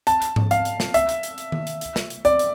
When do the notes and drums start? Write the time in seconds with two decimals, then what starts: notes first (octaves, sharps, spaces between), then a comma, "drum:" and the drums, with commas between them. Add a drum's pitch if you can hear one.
0.07 A5, drum: hi-hat
0.22 drum: hi-hat
0.36 drum: tom G#2
0.51 F5, drum: hi-hat
0.65 drum: hi-hat
0.80 drum: snare
0.94 E5, drum: hi-hat
1.09 drum: hi-hat
1.23 drum: hi-hat
1.38 drum: hi-hat
1.52 drum: tom D#3
1.67 drum: hi-hat
1.81 drum: hi-hat
1.96 drum: snare
2.10 drum: hi-hat
2.25 D5, drum: hi-hat
2.39 drum: hi-hat